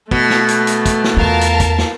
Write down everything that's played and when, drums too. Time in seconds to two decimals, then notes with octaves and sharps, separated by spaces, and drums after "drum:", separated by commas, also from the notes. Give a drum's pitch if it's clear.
0.11 B2 A3, drum: kick
0.30 drum: snare
0.48 drum: hi-hat
0.67 drum: hi-hat
0.86 drum: kick, hi-hat
1.04 drum: snare
1.17 E2 F4 A#4 F5 A5
1.41 drum: hi-hat
1.60 drum: kick, hi-hat
1.78 drum: snare